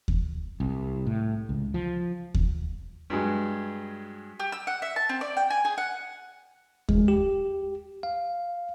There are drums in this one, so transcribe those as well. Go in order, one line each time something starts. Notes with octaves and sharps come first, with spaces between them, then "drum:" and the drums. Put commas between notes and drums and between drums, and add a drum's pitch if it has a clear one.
drum: kick D#2
C2
A2
C#2
F3
drum: kick D#2
G2 F#3 G#3
G4
E6
F#5
E5
A5
C4
D5
G5
G#5
G#4
F#5
G#3, drum: kick D#2
G4
F5